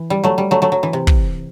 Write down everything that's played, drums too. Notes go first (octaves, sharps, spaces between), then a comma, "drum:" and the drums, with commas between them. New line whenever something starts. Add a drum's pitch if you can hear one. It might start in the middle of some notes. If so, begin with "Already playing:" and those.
Already playing: E3
G3
F#3 A3
G3
F#3 A3
F#3 A3
F#3
E3
C3
drum: kick